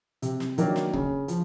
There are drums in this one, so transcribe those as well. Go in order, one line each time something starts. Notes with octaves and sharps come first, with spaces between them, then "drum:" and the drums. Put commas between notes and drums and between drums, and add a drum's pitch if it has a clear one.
C3, drum: hi-hat
drum: snare
D#3 F#3 A#3 D4, drum: hi-hat
drum: snare
C#3, drum: kick C#1
F3, drum: hi-hat